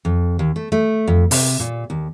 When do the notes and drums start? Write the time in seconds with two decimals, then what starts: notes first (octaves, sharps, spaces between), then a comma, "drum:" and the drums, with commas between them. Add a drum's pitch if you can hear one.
0.05 F2
0.39 D#2
0.56 A3
0.72 A3
1.07 F2
1.31 C3, drum: open hi-hat
1.60 A#2
1.90 D#2